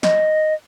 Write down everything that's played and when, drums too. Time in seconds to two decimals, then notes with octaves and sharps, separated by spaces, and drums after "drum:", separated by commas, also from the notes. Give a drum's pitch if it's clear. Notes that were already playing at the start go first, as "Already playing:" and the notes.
0.03 D#5, drum: snare